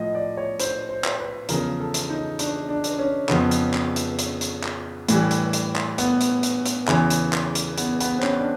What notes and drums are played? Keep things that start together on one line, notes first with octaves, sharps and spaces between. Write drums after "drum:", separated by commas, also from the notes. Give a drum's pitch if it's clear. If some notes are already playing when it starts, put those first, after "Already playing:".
Already playing: A2 F3 D#5
D5
C#5
C5, drum: hi-hat
C5
drum: clap
B4
E2 C#3 F3 A#4, drum: hi-hat
A4
drum: hi-hat
D#4
D4, drum: hi-hat
D4
drum: hi-hat
C#4
F2 C#3 F3 B3, drum: clap
drum: hi-hat
drum: clap
drum: hi-hat
drum: hi-hat
drum: hi-hat
drum: clap
A2 E3 G3, drum: hi-hat
drum: hi-hat
drum: hi-hat
drum: clap
B3, drum: hi-hat
drum: hi-hat
drum: hi-hat
drum: hi-hat
E2 C#3 E3, drum: clap
drum: hi-hat
drum: clap
drum: hi-hat
B3, drum: hi-hat
B3, drum: hi-hat
C4
C#4, drum: clap
D4